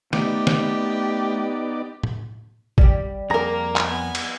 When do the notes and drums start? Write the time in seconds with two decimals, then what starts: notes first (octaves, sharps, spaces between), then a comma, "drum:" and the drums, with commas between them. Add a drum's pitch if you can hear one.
0.13 A3 B3 D#4 G4 D5, drum: snare
0.47 drum: snare
2.03 drum: tom A2
2.78 G3 G4, drum: kick
3.30 F2 A#3 G#4 A#4 A#5
3.76 drum: clap
3.86 B3 G#5
4.15 drum: cymbal